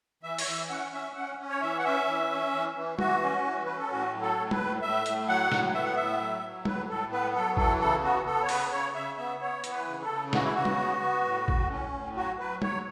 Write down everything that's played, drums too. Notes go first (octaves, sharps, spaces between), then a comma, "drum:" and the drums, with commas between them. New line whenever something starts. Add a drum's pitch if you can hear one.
E3 E5
C#5, drum: open hi-hat
E3 E5
C#4 F#5
C#4 E5
C#4 F#5
C#4
C#5
E3 E5
F#5
C#4 E5
E3
C#4
E3
E3
E3 F#4, drum: tom G3
C#4
E3
C#4 B4
A4
A2 F#4
F#3
A4
A2
B4, drum: tom G3
A2
A2 E5
A2, drum: hi-hat
F#3 F#5
A2, drum: snare
B3 E5
F#5
A2 E5
F#3
F#3
A2 B4, drum: tom G3
A2 A4
B3 B4
F#3 A4
E3 A4, drum: kick
C#3 A4
B3 F#4
B3 A4
C#5
C#3 B4, drum: open hi-hat
C#3 C#5
C#3 E5
B3 E5
B3 C#5
E3, drum: hi-hat
B4
C#3
A4
C#3
E3 F#4, drum: snare
E4
C#3 F#4
drum: tom G3
B3
B3
A2
A2, drum: kick
C#4
A2
F#3 F#4
F#3 B4
F#3 C#5, drum: tom G3